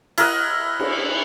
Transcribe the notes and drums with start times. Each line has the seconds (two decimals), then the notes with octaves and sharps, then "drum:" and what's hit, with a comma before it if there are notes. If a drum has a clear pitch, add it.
0.18 E4 A#4 D#5 F#5, drum: cymbal
0.80 drum: cymbal